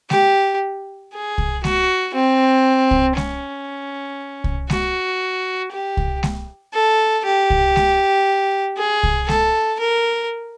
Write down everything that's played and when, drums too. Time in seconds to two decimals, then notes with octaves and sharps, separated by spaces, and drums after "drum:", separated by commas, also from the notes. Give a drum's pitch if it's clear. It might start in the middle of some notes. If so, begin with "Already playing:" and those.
0.10 G4, drum: snare G#3
1.13 G#4
1.38 drum: kick C2
1.64 F#4, drum: snare G#3
2.14 C4
2.91 drum: kick C2
3.17 C#4, drum: snare G#3
4.44 drum: kick C2
4.70 F#4, drum: snare G#3
5.71 G4
5.97 drum: kick C2
6.23 drum: snare G#3
6.74 A4
7.24 G4
7.50 drum: kick C2
7.76 drum: snare G#3
8.77 G#4
9.03 drum: kick C2
9.28 A4, drum: snare G#3
9.80 A#4